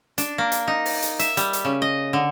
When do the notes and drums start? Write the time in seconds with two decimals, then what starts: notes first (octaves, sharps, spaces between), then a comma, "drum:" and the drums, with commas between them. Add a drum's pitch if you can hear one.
0.18 D4, drum: hi-hat
0.38 A#3
0.52 drum: hi-hat
0.68 D#4
0.85 drum: open hi-hat
1.02 drum: hi-hat
1.19 E5, drum: hi-hat
1.37 G3, drum: hi-hat
1.53 drum: hi-hat
1.65 C#3
1.82 D#5
2.13 D3